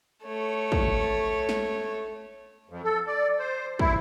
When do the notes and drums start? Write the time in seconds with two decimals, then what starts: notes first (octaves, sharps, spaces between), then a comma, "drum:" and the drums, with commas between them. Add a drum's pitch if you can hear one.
0.24 A3 C#5
0.72 drum: kick
1.49 drum: snare
2.69 F2
2.84 A4
3.07 D5
3.39 C5
3.79 E4, drum: kick